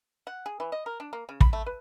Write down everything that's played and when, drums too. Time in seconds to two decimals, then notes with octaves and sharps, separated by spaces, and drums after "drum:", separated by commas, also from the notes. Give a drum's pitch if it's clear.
0.27 F#5
0.46 G#4
0.60 E3
0.72 D#5
0.86 A#4
1.00 D4
1.13 A#3
1.29 C#3
1.41 B5, drum: kick
1.53 A3
1.66 B4